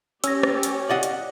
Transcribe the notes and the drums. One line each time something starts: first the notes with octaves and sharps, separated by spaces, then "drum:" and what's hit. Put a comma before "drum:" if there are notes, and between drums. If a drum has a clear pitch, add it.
C#4 G4 E6 A#6, drum: hi-hat
drum: rim click
drum: hi-hat
D5 D#5 F#5 A6
drum: hi-hat